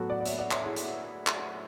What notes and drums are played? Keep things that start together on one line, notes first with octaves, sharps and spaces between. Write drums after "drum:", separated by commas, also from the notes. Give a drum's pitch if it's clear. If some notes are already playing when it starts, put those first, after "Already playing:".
Already playing: A2 F#3 B3 F#4 A4
D5 F#5
D5
C#5 E5, drum: hi-hat
D5 F#5
C#5 E5, drum: clap
E4 G#4
drum: hi-hat
drum: clap